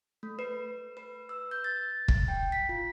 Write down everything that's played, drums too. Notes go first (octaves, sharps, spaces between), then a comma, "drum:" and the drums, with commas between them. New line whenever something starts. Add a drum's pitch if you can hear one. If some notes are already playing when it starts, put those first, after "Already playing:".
A3
B4
B4
E6
G6
A6
drum: kick
G5
B6
F4